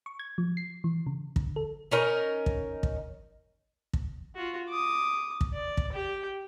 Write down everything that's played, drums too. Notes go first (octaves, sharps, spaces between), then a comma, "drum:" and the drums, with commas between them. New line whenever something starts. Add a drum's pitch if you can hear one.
C#6
G#6
F3
C7
E3
C#3
D3, drum: kick
A4
C#4 D#4 A#4
drum: kick
drum: kick
drum: kick
F4 F#4
D6 D#6
drum: kick
D5
drum: kick
G4 G5